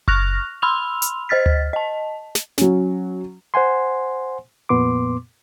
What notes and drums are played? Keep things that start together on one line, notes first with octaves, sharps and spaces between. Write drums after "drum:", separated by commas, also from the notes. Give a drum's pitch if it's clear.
C#6 F6 F#6 A#6 F7, drum: kick F#1
B5 C6 E6 F6 F7
drum: hi-hat
C5 D#5 F6 A6 B6
drum: tom D2
D#5 A5
drum: snare
F#3 C#4, drum: snare
C5 F#5 G#5 C6
F2 A#2 B3 C6 D6